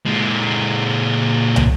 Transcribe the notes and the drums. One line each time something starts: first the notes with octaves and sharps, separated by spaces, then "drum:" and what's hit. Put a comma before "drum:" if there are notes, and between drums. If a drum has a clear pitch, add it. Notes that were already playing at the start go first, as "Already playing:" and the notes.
A#2 G#3
drum: tom